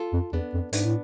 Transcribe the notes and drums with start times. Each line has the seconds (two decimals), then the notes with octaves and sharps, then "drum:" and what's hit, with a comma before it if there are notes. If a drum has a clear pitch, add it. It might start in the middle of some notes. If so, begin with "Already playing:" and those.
Already playing: F4 A4
0.13 F2
0.33 E2 B3 D4
0.53 F2
0.73 G#2 B3 D4, drum: hi-hat
0.84 A2